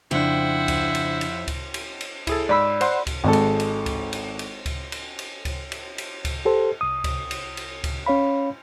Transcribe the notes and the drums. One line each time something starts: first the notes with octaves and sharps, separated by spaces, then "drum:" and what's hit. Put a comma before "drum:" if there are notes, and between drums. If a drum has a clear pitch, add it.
F2 C#3 D4 E4 C5 F#5 G5
drum: kick C#2, cymbal
drum: cymbal
drum: cymbal
drum: kick C#2, cymbal
drum: cymbal
drum: cymbal
E4 G#4 A4, drum: kick C#2, cymbal
G#2 D5 B5 E6
C5 F#5 C6, drum: cymbal
drum: kick C#2, cymbal
G#1 G#3 A4
drum: cymbal
drum: cymbal
drum: kick C#2, cymbal
drum: cymbal
drum: cymbal
drum: kick C#2, cymbal
drum: cymbal
drum: cymbal
drum: kick C#2, cymbal
drum: cymbal
drum: cymbal
drum: kick C#2, cymbal
G4 A4 C5
C2 D#6
drum: kick C#2, cymbal
drum: cymbal
drum: cymbal
drum: kick C#2, cymbal
C#4 C#5 F5 B5